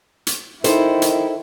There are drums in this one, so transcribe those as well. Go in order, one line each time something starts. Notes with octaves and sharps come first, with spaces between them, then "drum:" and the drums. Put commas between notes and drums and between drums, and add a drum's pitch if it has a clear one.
drum: hi-hat
D#3 D#4 E4 A4 C5, drum: hi-hat
drum: hi-hat